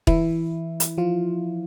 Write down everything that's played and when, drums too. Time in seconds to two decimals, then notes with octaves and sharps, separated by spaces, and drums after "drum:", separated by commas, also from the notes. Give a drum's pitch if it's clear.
0.07 E3 E4, drum: kick
0.80 drum: hi-hat
0.98 F3 F4